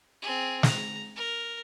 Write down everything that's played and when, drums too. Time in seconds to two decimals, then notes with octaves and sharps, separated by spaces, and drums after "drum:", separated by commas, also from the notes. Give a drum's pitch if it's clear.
0.22 C4 G#4
0.63 A#5, drum: snare
1.16 A#4